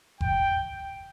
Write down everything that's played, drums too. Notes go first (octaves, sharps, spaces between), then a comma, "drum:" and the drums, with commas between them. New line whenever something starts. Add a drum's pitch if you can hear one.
G5, drum: kick F#1